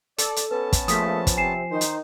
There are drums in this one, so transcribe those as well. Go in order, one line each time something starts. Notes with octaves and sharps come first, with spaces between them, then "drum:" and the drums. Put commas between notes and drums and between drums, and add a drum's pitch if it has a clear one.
A4 D5, drum: hi-hat
drum: hi-hat
B3 C#4 B4 A5
drum: kick, hi-hat
A#1 F3 A3 D#6 B6, drum: hi-hat
drum: kick, hi-hat
C3 C4 G#5 C7 E7
D#3 D#4 C5
drum: hi-hat